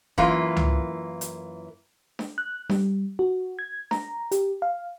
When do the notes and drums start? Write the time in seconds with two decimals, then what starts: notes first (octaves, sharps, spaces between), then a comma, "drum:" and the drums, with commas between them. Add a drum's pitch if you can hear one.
0.18 F#2 E3 A#3 F4, drum: kick F1
0.57 drum: tom C#2
1.21 drum: hi-hat
2.19 drum: snare D4
2.38 F#6
2.70 G3, drum: snare D4
3.19 F#4
3.59 G#6
3.91 A#5, drum: snare D4
4.32 G4, drum: hi-hat
4.62 F5